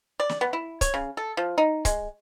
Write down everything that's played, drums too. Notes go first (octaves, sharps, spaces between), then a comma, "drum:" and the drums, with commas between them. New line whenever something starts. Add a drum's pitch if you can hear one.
D5
drum: snare
B3
E4
C#5, drum: kick C#1, hi-hat
C#3
A4
F3
D#4
G#3, drum: kick C#1, hi-hat